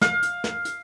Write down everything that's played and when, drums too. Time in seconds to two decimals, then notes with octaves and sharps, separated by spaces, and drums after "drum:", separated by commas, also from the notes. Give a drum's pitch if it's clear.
0.01 F5, drum: snare
0.23 drum: hi-hat
0.44 drum: snare
0.65 drum: hi-hat